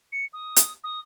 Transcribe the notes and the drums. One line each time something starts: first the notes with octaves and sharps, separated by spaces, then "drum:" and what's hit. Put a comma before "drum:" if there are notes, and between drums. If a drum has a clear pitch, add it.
C#7
D#6
drum: hi-hat
D#6